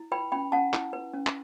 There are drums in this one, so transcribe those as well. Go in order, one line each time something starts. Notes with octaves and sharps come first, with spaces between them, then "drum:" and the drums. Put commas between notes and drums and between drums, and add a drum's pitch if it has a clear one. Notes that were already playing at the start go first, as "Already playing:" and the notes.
Already playing: E4
B4 G5 B5
C#4 G5 B5
C#4 F#5 A5
E4, drum: clap
B4
C#4
drum: clap